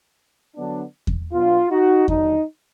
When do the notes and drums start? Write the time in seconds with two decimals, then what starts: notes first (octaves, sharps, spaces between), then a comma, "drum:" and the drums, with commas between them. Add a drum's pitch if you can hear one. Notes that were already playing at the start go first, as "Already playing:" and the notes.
0.56 D3 F#3 B3 D4
1.07 drum: kick E2
1.33 B2 F#3 B3 D4 F4
1.71 D#4 F#4
2.08 D#2 D3 F#3 D4 D#4, drum: kick E2